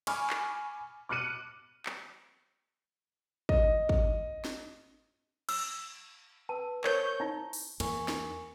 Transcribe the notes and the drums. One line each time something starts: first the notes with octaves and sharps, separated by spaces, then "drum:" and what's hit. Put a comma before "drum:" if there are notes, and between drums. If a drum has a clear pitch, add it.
G#5 B5 C#6 D6 F6, drum: cymbal
drum: clap
D6 F6 F#6 C#7 D#7 F#7
drum: clap
D#5, drum: kick
drum: kick
drum: snare
E6, drum: cymbal
B4 A5 E6
A#4 C5 C#5 E6 G6, drum: clap
D#4 E4
drum: open hi-hat
E2 E3 A#3 A#4 G#5 C#6, drum: cymbal
drum: snare